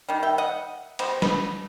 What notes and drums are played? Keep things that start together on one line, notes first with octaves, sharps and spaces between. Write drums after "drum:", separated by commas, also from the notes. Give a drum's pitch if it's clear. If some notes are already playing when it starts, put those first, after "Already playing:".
D#3 G3
E5 G5
D#5 F#5
B2 G3 B3 C5, drum: cymbal
B4 D#5, drum: snare